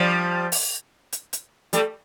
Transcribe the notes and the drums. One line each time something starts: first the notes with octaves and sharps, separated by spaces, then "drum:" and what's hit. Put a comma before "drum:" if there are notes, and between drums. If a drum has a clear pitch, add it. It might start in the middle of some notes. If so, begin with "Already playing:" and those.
Already playing: F3 G3
drum: open hi-hat
drum: hi-hat
drum: hi-hat
G3 A3, drum: hi-hat